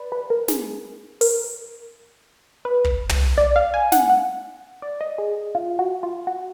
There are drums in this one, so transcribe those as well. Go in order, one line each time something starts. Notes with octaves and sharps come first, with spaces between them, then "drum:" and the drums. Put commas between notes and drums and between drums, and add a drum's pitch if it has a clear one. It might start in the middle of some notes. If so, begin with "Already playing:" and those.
Already playing: B4 D5
B4
A#4
G#4, drum: snare
A#4, drum: open hi-hat
B4
drum: kick
drum: tom
D5
F5
G#5
F#5, drum: snare
F#5
D5
D#5
G#4
F4
F#4
F4
F#4